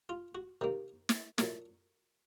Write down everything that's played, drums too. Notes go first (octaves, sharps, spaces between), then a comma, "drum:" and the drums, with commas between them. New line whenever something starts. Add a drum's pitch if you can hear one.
F4
F#4
C3 D#3 A#3
drum: snare
A#2 F#3 A3, drum: snare